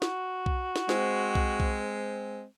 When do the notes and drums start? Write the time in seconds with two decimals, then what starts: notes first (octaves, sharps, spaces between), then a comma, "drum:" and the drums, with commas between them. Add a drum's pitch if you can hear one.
0.02 F#4, drum: snare
0.46 drum: kick B1
0.76 drum: snare
0.89 G#3 C4, drum: snare
1.35 drum: kick B1
1.60 drum: kick B1